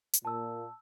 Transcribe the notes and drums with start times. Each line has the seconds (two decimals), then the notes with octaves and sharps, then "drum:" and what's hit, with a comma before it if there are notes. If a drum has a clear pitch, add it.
0.13 drum: hi-hat
0.25 A#2 A5 E6